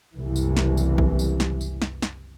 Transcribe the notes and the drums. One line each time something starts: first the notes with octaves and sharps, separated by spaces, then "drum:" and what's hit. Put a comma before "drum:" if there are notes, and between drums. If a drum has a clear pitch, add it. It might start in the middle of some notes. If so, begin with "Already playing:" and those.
F#1 C2 E3
drum: tambourine
drum: snare
drum: tambourine
drum: kick A#1
drum: tambourine
drum: snare
drum: tambourine
drum: snare
drum: snare